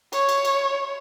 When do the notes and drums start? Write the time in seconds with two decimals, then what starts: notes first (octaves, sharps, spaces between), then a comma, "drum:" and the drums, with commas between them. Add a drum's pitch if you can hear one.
0.13 C#5, drum: cymbal
0.29 drum: cymbal
0.45 drum: cymbal